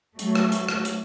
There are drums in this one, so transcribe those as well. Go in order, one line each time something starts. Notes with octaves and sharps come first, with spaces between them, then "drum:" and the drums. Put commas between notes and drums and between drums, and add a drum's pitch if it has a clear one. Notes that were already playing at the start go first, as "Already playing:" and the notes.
F#3 A3, drum: hi-hat
drum: rim click
drum: hi-hat
drum: rim click
drum: hi-hat